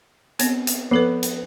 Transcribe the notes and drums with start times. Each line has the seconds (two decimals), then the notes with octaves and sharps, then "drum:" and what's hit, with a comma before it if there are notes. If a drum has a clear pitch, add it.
0.39 B3 C4, drum: hi-hat
0.67 drum: hi-hat
0.91 F3 B3 A4 B4
1.23 drum: hi-hat